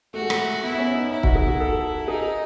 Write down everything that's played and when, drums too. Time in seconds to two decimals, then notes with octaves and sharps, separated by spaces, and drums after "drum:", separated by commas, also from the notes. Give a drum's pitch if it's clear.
0.14 A3 F#4
0.22 G#3
0.30 A3, drum: rim click
0.62 B3 E4
0.72 B3
0.79 C#4
0.95 D#4
1.11 D#4 E4
1.23 F#4, drum: kick
1.35 G#4
1.47 F#4
1.60 A4
2.08 D#4 G#4